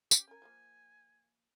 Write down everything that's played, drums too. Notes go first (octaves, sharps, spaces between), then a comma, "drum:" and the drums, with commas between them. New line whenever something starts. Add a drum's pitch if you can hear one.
C#4 G4, drum: tambourine
C#4 A#4 G#5
F3 G#3 A#3